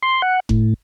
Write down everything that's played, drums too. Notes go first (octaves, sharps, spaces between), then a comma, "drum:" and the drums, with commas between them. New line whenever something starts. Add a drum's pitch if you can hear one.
C6
F#5
A2, drum: kick F#1